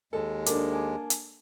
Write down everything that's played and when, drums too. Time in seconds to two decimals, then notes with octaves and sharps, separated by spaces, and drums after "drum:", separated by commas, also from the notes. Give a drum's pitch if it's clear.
0.13 D#2 G#3 A4
0.46 A#3 D4 A4 A5 D6, drum: hi-hat
0.73 G#5 A5
1.10 drum: hi-hat